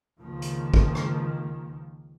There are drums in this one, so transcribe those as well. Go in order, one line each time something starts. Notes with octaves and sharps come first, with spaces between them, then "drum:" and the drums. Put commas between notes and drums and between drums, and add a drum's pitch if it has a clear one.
C#2 D#3 F3 A#3
drum: hi-hat
drum: kick
drum: rim click